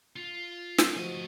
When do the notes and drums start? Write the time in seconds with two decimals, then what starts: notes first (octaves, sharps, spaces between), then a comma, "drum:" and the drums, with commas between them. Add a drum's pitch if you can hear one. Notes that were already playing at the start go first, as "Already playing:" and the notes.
0.16 F4
0.78 drum: snare
0.96 F3 A3 F#4 D#5